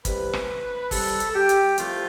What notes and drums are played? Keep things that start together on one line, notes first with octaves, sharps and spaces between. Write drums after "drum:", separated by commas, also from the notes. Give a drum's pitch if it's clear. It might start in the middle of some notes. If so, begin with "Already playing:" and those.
C2 C3 G3 B4, drum: kick, hi-hat
drum: rim click
C2 C3 G3 A4, drum: kick, open hi-hat
drum: hi-hat
A4
G4
drum: hi-hat
C2 C3 F3 A3 F4, drum: hi-hat